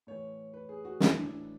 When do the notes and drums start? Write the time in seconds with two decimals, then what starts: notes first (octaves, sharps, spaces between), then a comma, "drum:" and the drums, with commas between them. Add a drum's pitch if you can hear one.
0.07 A2 E3 C#5
0.54 B4
0.69 G#4
0.85 F#4
1.00 A2 E3 E4, drum: snare
1.16 D4